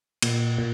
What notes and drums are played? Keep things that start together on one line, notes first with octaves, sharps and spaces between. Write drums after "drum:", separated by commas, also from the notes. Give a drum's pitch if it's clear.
A#2, drum: cymbal
A#2